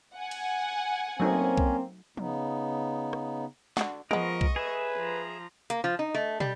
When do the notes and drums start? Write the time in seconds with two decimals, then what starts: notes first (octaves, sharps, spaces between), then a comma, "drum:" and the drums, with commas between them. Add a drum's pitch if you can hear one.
0.15 F#5 G#5
0.31 drum: cymbal
1.20 F#3 A3 A#3 C4 C#4 D#4
1.57 drum: kick B1
2.17 C#3 B3 D#4, drum: tom F3
3.13 drum: rim click
3.77 D3 F#4, drum: snare
4.11 F3 G#3 B3 A#4 D#5 C#6, drum: tom F3
4.41 drum: kick B1
4.56 G#4 B4 E5
4.97 F3 A#5
5.70 A#3, drum: hi-hat
5.84 F3
5.99 D#4
6.14 A3
6.40 G3, drum: tom